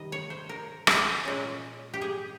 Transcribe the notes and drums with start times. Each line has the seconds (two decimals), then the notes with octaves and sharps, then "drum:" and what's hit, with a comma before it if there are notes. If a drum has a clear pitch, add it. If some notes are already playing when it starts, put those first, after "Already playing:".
Already playing: C3 D#3 G3 D#5
0.12 C#5
0.30 C5
0.49 A#4
0.87 G#4, drum: rim click
1.25 A#2 G#3 C#4
1.94 G4
2.01 G#4